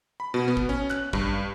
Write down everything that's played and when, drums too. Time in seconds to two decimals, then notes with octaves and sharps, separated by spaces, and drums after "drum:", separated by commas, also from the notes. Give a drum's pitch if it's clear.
0.20 B5
0.34 B2
0.48 B3
0.57 drum: kick
0.69 C#4
0.90 F#6, drum: clap
1.13 G2, drum: kick